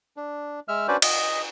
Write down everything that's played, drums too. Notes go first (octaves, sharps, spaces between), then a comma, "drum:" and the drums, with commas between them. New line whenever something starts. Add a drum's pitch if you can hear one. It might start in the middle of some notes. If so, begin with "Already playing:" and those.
D4
G#3 E5 F6
C#4 D4 F#4 B4 C5 D5
D#5, drum: cymbal